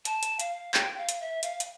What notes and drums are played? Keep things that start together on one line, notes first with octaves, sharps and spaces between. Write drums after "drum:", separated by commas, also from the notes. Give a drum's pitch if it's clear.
A5, drum: hi-hat
drum: hi-hat
F5, drum: hi-hat
G5, drum: clap
F5
drum: hi-hat
E5
F5, drum: hi-hat
drum: hi-hat